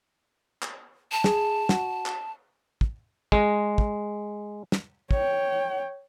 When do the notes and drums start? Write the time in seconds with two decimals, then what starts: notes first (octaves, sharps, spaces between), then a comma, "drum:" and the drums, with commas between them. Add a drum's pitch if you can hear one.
0.62 drum: clap
1.12 A5
1.24 G#4, drum: snare
1.69 F#4, drum: snare
2.06 drum: clap
2.81 drum: kick
3.32 G#3, drum: kick
3.78 drum: kick
4.72 drum: snare
5.11 C#5 G5, drum: kick